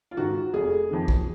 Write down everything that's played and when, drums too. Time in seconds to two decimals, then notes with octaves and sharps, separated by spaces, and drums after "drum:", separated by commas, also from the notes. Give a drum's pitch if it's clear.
0.11 F4
0.17 G#2 D#3 F#4
0.53 F1 G#4
0.91 F2 D#3
1.08 drum: kick